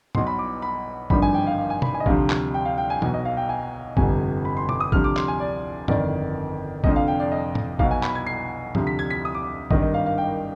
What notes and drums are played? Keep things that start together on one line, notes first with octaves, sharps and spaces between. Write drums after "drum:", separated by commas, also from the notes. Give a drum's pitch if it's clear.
B1 B2 C6, drum: tom G#2
B5
D6
B5
G#1 G2 D3 F3 B5, drum: kick A1
G#5
G5
F5
F5
G#5
B5, drum: tom
G#5
D#5
D2 C3 F3 F5, drum: kick A1
drum: clap
G5
F5
G5
G#5
B1 B2, drum: tom E3
D#5
F5
G5
G#5
G1 F2 C3 G#5, drum: kick A1
B5
C6
D6, drum: tom B2
D#6
D2 C3 F3 F6, drum: kick A1
D6
C6, drum: clap
G#5
D5
G1 F2 D#3 D5, drum: tom G#2
F1 F2 D3 F3 D#5, drum: kick A1
F5
G5
D5
D#5
drum: tom G#2
B1 B2 F5, drum: kick A1
G#5
B5, drum: clap
G#6
C7
D2 C3 F3, drum: tom G#2
B6
G#6
B6
D#6
D6
G#1 G2 D#3 D#5, drum: kick A1
D#5
F5
F5
G5